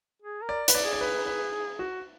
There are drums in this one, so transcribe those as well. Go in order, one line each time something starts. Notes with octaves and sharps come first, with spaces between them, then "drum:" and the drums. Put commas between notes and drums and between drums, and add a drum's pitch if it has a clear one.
G#4
A#4
D5
B4, drum: hi-hat
D5
G#4
D5
B4
B4
F#4